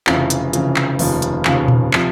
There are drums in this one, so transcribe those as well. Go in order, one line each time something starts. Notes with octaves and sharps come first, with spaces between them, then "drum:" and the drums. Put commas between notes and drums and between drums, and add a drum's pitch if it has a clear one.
F1 F2 C#3 E3 F5, drum: clap
drum: hi-hat
F1 F2 C#3 E3, drum: hi-hat
drum: clap
F1 D#2 C#3 F3, drum: open hi-hat
drum: hi-hat
F1 D#2 C#3 F3 F5, drum: clap
drum: tom A#2
C3 F3, drum: clap